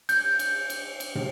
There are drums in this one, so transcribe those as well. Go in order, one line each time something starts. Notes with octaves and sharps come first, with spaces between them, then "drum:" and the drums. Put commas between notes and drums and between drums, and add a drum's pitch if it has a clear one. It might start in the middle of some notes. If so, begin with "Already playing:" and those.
G6, drum: cymbal
drum: cymbal
drum: cymbal
drum: cymbal
drum: tom